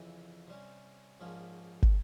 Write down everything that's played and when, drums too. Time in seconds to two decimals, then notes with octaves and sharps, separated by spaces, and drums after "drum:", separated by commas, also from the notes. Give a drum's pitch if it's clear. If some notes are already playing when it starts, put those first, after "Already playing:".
Already playing: F2 C#3 E3
0.48 C3 G3 C#4
1.20 A#1 G#2 F3 A#3 C#4
1.83 drum: kick